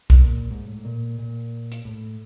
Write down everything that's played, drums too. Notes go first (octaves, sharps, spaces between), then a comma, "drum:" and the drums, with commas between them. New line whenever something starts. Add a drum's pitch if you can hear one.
B2, drum: kick
A#2
G#2
A2
A#2
A#2
drum: hi-hat
A2